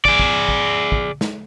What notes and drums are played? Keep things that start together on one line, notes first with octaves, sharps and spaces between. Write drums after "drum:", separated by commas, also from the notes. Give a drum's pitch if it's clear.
G#4 D5, drum: kick
drum: kick
drum: kick
drum: kick
drum: snare